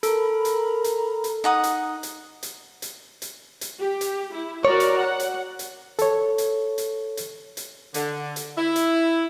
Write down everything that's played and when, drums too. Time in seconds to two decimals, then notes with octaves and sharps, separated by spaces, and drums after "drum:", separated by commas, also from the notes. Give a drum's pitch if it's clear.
0.03 A4 A#4 A#5 B5, drum: hi-hat
0.45 drum: hi-hat
0.84 drum: hi-hat
1.24 drum: hi-hat
1.44 D#4 F#5 D#6
1.63 drum: hi-hat
2.03 drum: hi-hat
2.43 drum: hi-hat
2.82 drum: hi-hat
3.22 drum: hi-hat
3.61 drum: hi-hat
3.81 G4
4.01 drum: hi-hat
4.33 E4
4.65 F#4 A#4 C#5 D5
4.80 drum: hi-hat
4.98 F#5
5.20 drum: hi-hat
5.59 drum: hi-hat
5.99 A4 C#5, drum: hi-hat
6.38 drum: hi-hat
6.78 drum: hi-hat
7.17 drum: hi-hat
7.57 drum: hi-hat
7.94 D3, drum: hi-hat
8.36 drum: hi-hat
8.57 E4
8.76 drum: hi-hat